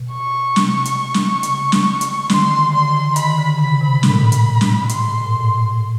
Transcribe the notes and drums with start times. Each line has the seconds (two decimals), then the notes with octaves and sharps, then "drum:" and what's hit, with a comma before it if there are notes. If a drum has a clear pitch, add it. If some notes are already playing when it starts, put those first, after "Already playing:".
Already playing: B2
0.13 C#6
0.56 C3, drum: snare
0.85 drum: hi-hat
1.14 drum: snare
1.43 C#3, drum: hi-hat
1.72 drum: snare
2.01 drum: hi-hat
2.23 D#3
2.30 D3 C6, drum: snare
2.51 D#3
2.73 D3 C6
2.95 E3
3.16 D#3 B5, drum: hi-hat
3.38 D3
3.59 C#3 B5
3.81 C3
4.03 A2, drum: snare
4.10 A#2
4.18 A2
4.32 drum: hi-hat
4.61 drum: snare
4.89 A2 C6, drum: hi-hat
5.12 G#2
5.26 A#2
5.33 A2
5.55 A2
5.70 A2